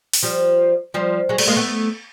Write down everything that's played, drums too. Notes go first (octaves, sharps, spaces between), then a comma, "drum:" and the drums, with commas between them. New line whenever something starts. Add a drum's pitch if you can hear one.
drum: open hi-hat
F3 G3
F3 G3
F#3 G#3
G3 A3, drum: cymbal
G#3 A#3
A3 B3